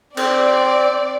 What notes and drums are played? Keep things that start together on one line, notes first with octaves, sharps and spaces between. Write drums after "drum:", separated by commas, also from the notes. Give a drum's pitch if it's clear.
C4 D5, drum: cymbal